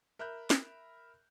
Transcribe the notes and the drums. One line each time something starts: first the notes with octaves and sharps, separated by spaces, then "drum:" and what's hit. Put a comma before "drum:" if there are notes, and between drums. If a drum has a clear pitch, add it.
A#4 E5 B5 F#6 G6
drum: snare